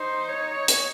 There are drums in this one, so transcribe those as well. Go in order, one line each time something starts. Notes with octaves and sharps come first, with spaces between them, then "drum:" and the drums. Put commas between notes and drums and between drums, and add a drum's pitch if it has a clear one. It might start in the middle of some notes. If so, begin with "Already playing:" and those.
Already playing: D#4 C5
C#5
drum: hi-hat